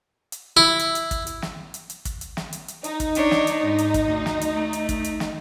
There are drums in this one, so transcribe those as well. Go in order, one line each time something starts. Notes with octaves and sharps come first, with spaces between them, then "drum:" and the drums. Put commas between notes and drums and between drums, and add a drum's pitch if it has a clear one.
drum: hi-hat
E4
drum: hi-hat
drum: hi-hat
drum: kick, hi-hat
drum: hi-hat
drum: snare
drum: hi-hat
drum: hi-hat
drum: kick, hi-hat
drum: hi-hat
drum: snare
drum: hi-hat
drum: hi-hat
D#4, drum: hi-hat
drum: kick, hi-hat
D4 C#5, drum: hi-hat
drum: snare
drum: hi-hat
G#2
drum: hi-hat
drum: kick, hi-hat
D2
drum: snare
drum: hi-hat
A3
drum: hi-hat
drum: kick, hi-hat
drum: hi-hat
drum: snare